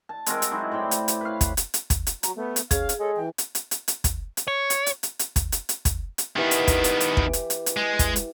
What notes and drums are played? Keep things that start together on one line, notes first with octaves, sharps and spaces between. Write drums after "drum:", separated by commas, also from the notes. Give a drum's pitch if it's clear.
A5
G#3 C4 F#4 A#4, drum: hi-hat
drum: hi-hat
F#3 G#3 D#4 E4
A2 C5 D5 G5
drum: hi-hat
drum: hi-hat
B4 C#5 F5
drum: kick, hi-hat
drum: hi-hat
drum: hi-hat
drum: kick, hi-hat
drum: hi-hat
F#3 A#5, drum: hi-hat
A3 B3
drum: hi-hat
C#4 G#4 F5, drum: kick, hi-hat
drum: hi-hat
G#3 A4 C#5
E3 G5
drum: hi-hat
drum: hi-hat
drum: hi-hat
drum: hi-hat
drum: kick, hi-hat
drum: hi-hat
C#5
drum: hi-hat
drum: hi-hat
drum: hi-hat
drum: hi-hat
drum: kick, hi-hat
drum: hi-hat
drum: hi-hat
drum: kick, hi-hat
drum: hi-hat
D#3 E3 B3 G4
drum: hi-hat
drum: kick, hi-hat
drum: hi-hat
drum: hi-hat
drum: kick
drum: hi-hat
drum: hi-hat
drum: hi-hat
G#3
drum: kick, hi-hat
drum: hi-hat